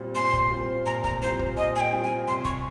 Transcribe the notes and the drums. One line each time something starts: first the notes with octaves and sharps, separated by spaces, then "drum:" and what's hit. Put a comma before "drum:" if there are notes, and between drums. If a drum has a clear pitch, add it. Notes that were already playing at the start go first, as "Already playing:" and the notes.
Already playing: A#2 G3 C4 F4
A#2 C6
drum: kick
G3 C4 F4
A#2 A#5
A#5, drum: kick
G3 C4 F4 C5
drum: kick
A#2 D#5
G#5
G5
G3 C4 F4
G#5
C2 C6
C#6, drum: kick